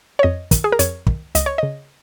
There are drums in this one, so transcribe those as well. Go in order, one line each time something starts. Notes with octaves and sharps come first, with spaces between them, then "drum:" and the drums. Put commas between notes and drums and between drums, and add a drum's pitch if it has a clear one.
C#5
F2 D#5
D#3, drum: kick, hi-hat
G#4
A#4
F2 C#5, drum: hi-hat
D#3, drum: kick
C#2 D#5, drum: hi-hat
C#5
C#3 D#5